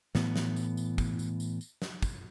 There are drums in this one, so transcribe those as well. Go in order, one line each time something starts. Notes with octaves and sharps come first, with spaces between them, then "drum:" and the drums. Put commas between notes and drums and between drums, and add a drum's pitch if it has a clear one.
A2 E3 B3, drum: snare
drum: snare
drum: tambourine
drum: tambourine
drum: kick, tambourine
drum: tambourine
drum: tambourine
drum: tambourine
drum: snare
drum: kick, tambourine